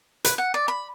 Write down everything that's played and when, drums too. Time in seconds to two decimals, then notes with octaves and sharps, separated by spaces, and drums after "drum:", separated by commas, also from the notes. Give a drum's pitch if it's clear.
0.25 B4, drum: hi-hat
0.38 F#5
0.54 D5
0.68 B5